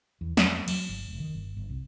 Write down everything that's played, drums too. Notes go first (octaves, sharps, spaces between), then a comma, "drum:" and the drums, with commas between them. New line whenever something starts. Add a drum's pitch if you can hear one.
E2
F2, drum: snare
F#3, drum: cymbal
G1
F1
D#3
G1
G1
C2